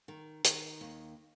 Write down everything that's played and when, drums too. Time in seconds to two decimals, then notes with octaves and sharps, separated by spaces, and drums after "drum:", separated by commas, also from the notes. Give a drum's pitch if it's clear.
0.08 D#3
0.45 D#3, drum: hi-hat
0.81 D#2